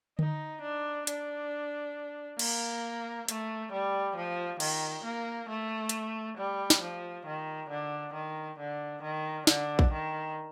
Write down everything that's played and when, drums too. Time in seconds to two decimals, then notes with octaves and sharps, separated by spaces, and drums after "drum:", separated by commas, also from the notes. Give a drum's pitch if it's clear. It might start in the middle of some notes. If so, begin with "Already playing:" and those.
0.19 D#4, drum: tom D3
0.62 D4
1.07 D4, drum: hi-hat
2.39 A#3, drum: cymbal
3.28 A3, drum: hi-hat
3.72 G3
4.16 F3
4.60 D#3, drum: cymbal
5.04 A#3
5.49 A3
5.89 drum: hi-hat
6.38 G3
6.70 drum: snare
6.82 F3
7.26 D#3
7.70 D3
8.14 D#3
8.59 D3
9.03 D#3
9.47 D3, drum: snare
9.79 drum: kick A#1
9.92 D#3